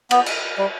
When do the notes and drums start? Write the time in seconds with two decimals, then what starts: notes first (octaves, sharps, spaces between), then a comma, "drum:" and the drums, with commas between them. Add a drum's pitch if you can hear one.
0.11 B3, drum: cymbal
0.26 drum: cymbal
0.58 G3